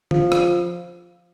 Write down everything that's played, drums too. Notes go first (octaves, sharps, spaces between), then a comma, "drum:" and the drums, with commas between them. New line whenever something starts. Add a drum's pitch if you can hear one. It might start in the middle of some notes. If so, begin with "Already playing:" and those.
F3, drum: tom
drum: rim click